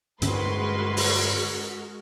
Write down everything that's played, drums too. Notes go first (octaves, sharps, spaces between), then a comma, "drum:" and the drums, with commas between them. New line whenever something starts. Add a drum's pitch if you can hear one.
G2 D3 G#3 C#4 F#4 A#4 B4 C6, drum: hi-hat
drum: open hi-hat